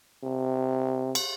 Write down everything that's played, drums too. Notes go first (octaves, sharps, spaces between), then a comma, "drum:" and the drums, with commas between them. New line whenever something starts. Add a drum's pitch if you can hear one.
C3
drum: cymbal